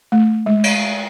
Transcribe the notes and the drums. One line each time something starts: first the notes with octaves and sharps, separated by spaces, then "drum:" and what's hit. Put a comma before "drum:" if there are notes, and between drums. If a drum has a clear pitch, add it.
A3
G#3
drum: cymbal